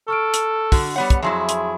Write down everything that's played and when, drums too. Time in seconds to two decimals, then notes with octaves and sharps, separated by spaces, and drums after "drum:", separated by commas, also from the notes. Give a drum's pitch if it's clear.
0.08 A4 C#6 F6 D7
0.34 drum: hi-hat
0.72 D3 F#4, drum: kick, open hi-hat
0.96 G3 B3 C#5 F#5
1.10 drum: kick, hi-hat
1.22 F2 F#3 E4 G#4 E5 C6
1.49 drum: hi-hat